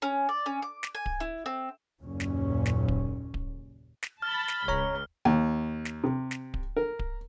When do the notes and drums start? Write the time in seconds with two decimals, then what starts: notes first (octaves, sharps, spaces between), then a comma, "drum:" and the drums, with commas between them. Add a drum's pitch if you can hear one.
0.02 C#4
0.29 D5
0.46 C#4
0.62 D6
0.83 drum: snare
0.95 G#5
1.06 drum: kick D1
1.20 E4
1.46 C4
2.02 F#1 D#2 A#2 C#4
2.20 drum: snare
2.66 drum: snare
2.88 drum: kick D1
3.34 drum: kick D1
4.03 drum: snare
4.22 A5 B5 F6
4.48 drum: snare
4.68 C#2 C#5 A#5, drum: kick D1
5.25 D#2
5.85 drum: snare
6.04 C3
6.31 drum: snare
6.54 drum: kick D1
6.77 A#4
6.99 drum: kick D1